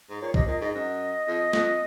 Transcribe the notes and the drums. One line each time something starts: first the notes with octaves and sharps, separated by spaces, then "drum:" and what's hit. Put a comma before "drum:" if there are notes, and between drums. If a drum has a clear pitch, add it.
G#2
A#2 C#5
C3 D#5, drum: kick
A#2 D#5
G#2 D#5
F#2 D#5
F2
F2, drum: snare